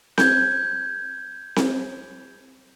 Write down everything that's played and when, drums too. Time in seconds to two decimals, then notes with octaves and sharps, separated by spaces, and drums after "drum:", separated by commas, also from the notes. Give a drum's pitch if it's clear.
0.18 G6 G#6, drum: snare C4
1.56 drum: snare C4